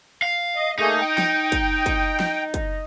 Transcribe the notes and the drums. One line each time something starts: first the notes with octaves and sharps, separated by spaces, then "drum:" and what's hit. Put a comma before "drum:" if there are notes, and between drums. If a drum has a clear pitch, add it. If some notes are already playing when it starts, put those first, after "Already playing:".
F5
D#5
A3 A#3 D#4 G#4
G5
drum: snare
drum: kick, hi-hat
drum: kick, hi-hat
drum: snare
drum: kick, hi-hat